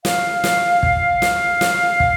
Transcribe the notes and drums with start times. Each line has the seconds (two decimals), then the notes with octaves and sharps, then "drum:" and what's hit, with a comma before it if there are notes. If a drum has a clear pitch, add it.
0.05 F5, drum: snare
0.44 drum: snare
0.83 drum: kick
1.22 drum: snare
1.61 drum: snare
2.00 drum: kick